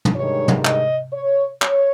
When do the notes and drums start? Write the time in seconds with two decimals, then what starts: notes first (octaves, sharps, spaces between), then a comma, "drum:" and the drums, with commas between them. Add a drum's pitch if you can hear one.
0.05 drum: tom
0.16 G2 D#3 G#3 C#5
0.48 drum: tom
0.65 D#5, drum: clap
1.13 C#5
1.62 C#5, drum: clap